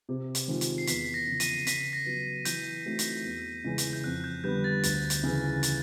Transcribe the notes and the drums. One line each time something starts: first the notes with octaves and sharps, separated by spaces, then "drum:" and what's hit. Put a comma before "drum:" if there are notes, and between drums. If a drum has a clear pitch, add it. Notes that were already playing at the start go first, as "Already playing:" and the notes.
C3
drum: hi-hat
D#3 G#3 C4 F4
drum: hi-hat
C7
E2 B6, drum: hi-hat
B6
A#6
C#3 F3
D#7, drum: hi-hat
C#3 B6, drum: hi-hat
A#6
F#3 B3
E3 G6, drum: hi-hat
A3 C4 D#4 F#4
drum: hi-hat
E2
C#3 E3 G#3 C#4
drum: hi-hat
G6
F2 F#6
G6
D3 G3 B3 G6
A6
D2, drum: hi-hat
drum: hi-hat
C#3 E3
drum: hi-hat